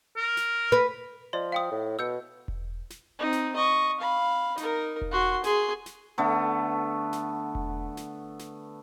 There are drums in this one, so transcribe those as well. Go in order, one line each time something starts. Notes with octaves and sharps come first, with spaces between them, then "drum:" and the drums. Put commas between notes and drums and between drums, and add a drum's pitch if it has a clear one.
A#4
drum: snare
B4
F3 D5 D#5 C6
F5 G5 D#6
A2
B2 E6 G6 C#7
drum: kick E1
drum: snare
C4 D#4
drum: snare
D#5 C#6
F5 B5
D#4 A#4, drum: snare
drum: kick E1
F#4 C6
G#4 C6, drum: snare
drum: snare
D3 A3 B3
drum: snare
drum: kick E1
drum: snare
drum: snare